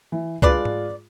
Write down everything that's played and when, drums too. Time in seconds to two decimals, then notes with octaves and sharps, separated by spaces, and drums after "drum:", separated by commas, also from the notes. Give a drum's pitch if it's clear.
0.12 E3
0.42 G#3 D4 F4 B4 D5, drum: kick C#2
0.65 drum: tom G#2